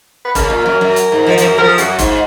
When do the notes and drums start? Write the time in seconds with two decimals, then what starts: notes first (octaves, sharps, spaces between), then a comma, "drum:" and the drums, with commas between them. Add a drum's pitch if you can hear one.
0.25 B4
0.35 C#3 A#4, drum: kick, hi-hat
0.50 A#2
0.66 F#2
0.81 F#2
0.96 drum: hi-hat
1.12 G#2
1.26 F3
1.38 F3, drum: hi-hat
1.42 F#2
1.58 F3 A#4
1.68 G#4
1.78 F#2 F#4, drum: hi-hat
1.99 G#2 F4, drum: kick, hi-hat